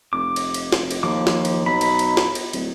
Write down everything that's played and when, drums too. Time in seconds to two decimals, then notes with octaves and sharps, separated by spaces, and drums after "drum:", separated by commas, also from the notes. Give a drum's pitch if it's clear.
0.13 F1 D6
0.36 drum: cymbal
0.54 drum: cymbal
0.72 drum: snare
0.91 drum: cymbal
1.03 D#2 F3 D6
1.27 drum: snare
1.45 drum: cymbal
1.66 B1 B5
1.81 drum: cymbal
1.99 drum: cymbal
2.17 drum: snare
2.35 drum: cymbal
2.53 D1, drum: cymbal